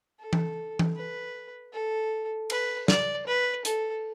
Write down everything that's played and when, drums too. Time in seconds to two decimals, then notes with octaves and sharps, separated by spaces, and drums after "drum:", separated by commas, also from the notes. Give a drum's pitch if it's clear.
0.19 A4
0.33 drum: tom E3
0.79 drum: tom E3
0.96 B4
1.73 A4
2.50 B4, drum: cymbal
2.88 D5, drum: snare
3.27 B4
3.65 A4, drum: hi-hat